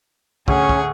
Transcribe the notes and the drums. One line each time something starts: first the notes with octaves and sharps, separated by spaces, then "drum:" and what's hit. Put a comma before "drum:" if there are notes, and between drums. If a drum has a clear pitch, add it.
D2 C#4 G#4 F#5 C#6, drum: kick
drum: kick